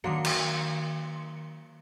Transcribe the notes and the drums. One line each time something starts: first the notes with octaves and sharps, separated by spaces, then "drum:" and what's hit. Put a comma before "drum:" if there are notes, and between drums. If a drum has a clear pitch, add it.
D#3 F#3 A#3 D4 C6 C#7
drum: cymbal